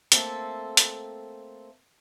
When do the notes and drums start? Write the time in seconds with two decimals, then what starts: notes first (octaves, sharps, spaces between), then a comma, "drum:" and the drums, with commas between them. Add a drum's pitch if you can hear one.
0.12 A3 A#3 C4 A4, drum: hi-hat
0.77 drum: hi-hat